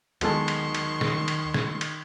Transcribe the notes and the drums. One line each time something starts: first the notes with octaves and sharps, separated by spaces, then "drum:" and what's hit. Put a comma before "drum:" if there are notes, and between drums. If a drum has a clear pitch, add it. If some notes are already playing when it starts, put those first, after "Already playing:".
D#2 B2 D#3 F#3 G#3 A4 C6 C#6, drum: cymbal
drum: cymbal
drum: cymbal
drum: snare
drum: cymbal
drum: snare
drum: cymbal